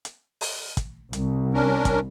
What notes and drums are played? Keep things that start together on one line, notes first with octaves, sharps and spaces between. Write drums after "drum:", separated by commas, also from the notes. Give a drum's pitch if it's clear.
drum: hi-hat
drum: open hi-hat
drum: kick, hi-hat
C2, drum: hi-hat
C#4 D4 A#4
drum: kick, hi-hat